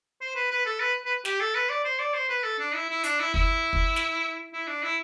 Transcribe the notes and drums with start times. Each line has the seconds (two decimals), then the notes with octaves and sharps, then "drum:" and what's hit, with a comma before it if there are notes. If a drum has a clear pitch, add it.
0.21 C5
0.35 B4
0.51 B4
0.66 A4
0.80 B4
1.05 B4
1.25 G4, drum: snare
1.40 A4
1.55 B4
1.69 D5
1.85 C5
1.99 D5
2.14 C5
2.29 B4
2.44 A4
2.59 D4
2.75 E4
2.89 E4
3.04 D4, drum: hi-hat
3.19 E4
3.34 E4, drum: kick
3.73 drum: kick
3.96 drum: snare
4.53 E4
4.67 D4
4.83 E4